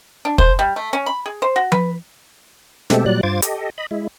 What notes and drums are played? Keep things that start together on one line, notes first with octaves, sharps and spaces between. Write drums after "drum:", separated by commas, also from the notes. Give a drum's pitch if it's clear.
D4
C5, drum: kick
G3
A3
C#4
B5
G#4
C5
F#4
B4, drum: tom F3
B2 G#3 A3 C4 G4 A4, drum: snare
A#2 F#3 G3 D5 F#6
G2 F4 C5 D6 G#6 A6
G4 A4 D#5, drum: hi-hat
D#5 B5
G#3 E4